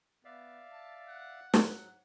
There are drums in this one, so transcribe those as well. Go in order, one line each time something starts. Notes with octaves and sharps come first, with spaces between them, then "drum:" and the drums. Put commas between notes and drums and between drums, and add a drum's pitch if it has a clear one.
B3 D5 E5 F5
A5
F#5
G#2 F#3, drum: snare